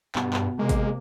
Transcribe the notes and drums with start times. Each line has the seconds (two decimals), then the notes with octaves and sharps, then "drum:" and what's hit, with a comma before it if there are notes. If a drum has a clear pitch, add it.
0.15 G2 B2, drum: clap
0.33 drum: clap
0.59 C3 G#3 A#3
0.69 drum: kick G#1, hi-hat